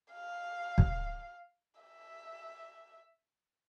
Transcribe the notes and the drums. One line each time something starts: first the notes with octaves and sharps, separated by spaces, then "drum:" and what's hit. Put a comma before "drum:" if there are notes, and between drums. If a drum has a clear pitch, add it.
F5
drum: kick
E5